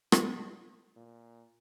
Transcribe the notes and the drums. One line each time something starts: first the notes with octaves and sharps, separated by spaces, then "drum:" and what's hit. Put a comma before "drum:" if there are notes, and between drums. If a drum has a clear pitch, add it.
C3, drum: rim click
A#2